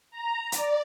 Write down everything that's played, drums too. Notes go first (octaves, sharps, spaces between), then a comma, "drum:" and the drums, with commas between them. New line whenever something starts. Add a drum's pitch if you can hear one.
A#5
D5, drum: hi-hat